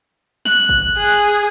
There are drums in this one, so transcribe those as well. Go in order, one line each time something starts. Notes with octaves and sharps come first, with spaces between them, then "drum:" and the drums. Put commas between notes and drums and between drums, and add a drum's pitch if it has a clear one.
F#6, drum: snare
drum: kick G#1
G#4